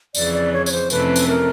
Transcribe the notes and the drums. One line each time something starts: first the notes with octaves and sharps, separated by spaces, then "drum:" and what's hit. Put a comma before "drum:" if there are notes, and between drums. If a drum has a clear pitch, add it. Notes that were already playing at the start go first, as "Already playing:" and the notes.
F2 C#3 E3 D5, drum: tambourine
D5
C#5
C#5, drum: tambourine
C5
F2 C3 E3 A3 C#4 B4, drum: tambourine
drum: tambourine
A#4